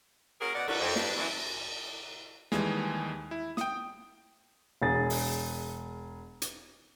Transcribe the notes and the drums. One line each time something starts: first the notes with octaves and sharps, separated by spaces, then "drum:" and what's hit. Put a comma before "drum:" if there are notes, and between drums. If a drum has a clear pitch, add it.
A#3 C#4 F#4 G#4 A#4
B2 D5 F#5
G2 G3 D4 F#4 A4 B4, drum: cymbal
F2
G2 D4, drum: snare
F#2 E3
D#2 E3 G3 G#3, drum: snare
E4
G5 D#6, drum: snare
E1 G#4 A6
drum: open hi-hat
drum: hi-hat